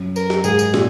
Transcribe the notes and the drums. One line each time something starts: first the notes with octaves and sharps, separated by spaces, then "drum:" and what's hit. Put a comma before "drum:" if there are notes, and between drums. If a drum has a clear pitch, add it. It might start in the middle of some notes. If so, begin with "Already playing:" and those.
Already playing: F#2
A#4, drum: tambourine
drum: snare
G#2 G#4, drum: tambourine
drum: tambourine
A#2, drum: snare